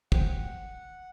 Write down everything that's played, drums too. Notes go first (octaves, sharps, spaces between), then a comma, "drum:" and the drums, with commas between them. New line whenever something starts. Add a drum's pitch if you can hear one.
C5 F#5 G5, drum: kick